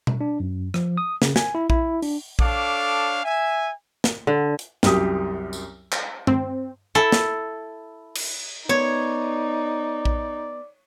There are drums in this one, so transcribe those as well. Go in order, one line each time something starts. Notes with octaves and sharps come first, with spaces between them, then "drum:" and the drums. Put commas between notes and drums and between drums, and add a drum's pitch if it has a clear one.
drum: tom B2
D4
F#2
F3, drum: rim click
D#6
C#3, drum: snare
G#5, drum: snare
E4
E4, drum: kick A#1
D4, drum: open hi-hat
D4 A4 C#5 F5 D6, drum: kick A#1
E5 G#5
drum: snare
D3
drum: hi-hat
C2 F#2 G4 D#6, drum: snare
drum: tambourine
drum: clap
C4, drum: tom G2
E4 A4
drum: snare
drum: cymbal
B3 D#4 C#5 D5
drum: kick A#1